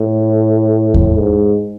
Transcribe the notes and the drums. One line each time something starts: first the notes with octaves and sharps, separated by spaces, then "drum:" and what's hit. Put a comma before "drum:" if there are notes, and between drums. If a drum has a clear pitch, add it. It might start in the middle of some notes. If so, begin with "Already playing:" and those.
Already playing: A2
drum: kick E2
G#2